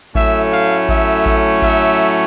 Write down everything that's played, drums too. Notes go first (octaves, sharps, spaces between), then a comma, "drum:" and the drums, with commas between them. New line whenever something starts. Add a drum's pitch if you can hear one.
A2 F#3 A3 C#4 E5, drum: kick A1
F5
E5, drum: kick A1
drum: kick A1
E5, drum: kick A1